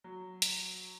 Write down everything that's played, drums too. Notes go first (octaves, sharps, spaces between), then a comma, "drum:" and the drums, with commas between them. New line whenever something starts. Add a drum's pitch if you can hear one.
F#3
drum: hi-hat